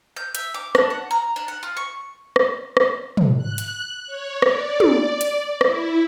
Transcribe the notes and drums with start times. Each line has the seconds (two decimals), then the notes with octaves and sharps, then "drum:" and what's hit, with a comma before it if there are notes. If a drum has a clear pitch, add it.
0.16 G6
0.35 E5, drum: hi-hat
0.54 D6
0.75 D4, drum: rim click
0.90 F#5
1.11 A#5
1.36 D4
1.48 F#5
1.63 F4
1.77 C#6
2.36 drum: rim click
2.77 drum: rim click
3.17 drum: tom
3.38 F#6
3.58 drum: hi-hat
4.07 C#5
4.42 D5, drum: rim click
4.80 drum: tom
5.21 drum: hi-hat
5.61 E4, drum: rim click